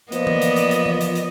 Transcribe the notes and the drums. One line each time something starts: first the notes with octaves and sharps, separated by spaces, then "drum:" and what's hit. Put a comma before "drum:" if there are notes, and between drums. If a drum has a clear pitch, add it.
F3 A#3 B3 D5 D#5, drum: hi-hat
drum: tom E3
drum: hi-hat
drum: hi-hat
drum: hi-hat
drum: tom E3
drum: hi-hat
drum: hi-hat